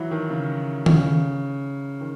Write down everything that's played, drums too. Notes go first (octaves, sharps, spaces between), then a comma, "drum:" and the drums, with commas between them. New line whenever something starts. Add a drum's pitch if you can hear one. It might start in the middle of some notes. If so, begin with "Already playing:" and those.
Already playing: E3 F#3
D#3
C#3
C#3, drum: tom D#3
D#3